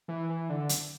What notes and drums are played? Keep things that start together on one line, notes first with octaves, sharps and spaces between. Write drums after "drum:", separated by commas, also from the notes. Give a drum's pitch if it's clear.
E3
E3
D3
drum: hi-hat